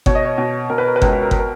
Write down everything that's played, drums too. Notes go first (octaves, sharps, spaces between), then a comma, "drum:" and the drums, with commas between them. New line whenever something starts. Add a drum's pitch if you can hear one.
B2 C#5, drum: kick G1
D#5
C#5
B2
B2 A#4
B4
A#4
B4
C#2 A#4, drum: kick G1
B4
A#4
B4, drum: kick G1
A#4